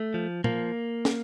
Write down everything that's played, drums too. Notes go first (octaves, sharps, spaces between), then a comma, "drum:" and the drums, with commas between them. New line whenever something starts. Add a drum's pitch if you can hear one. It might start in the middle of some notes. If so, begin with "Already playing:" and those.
Already playing: A3
F3
F3 A#3, drum: tom
drum: snare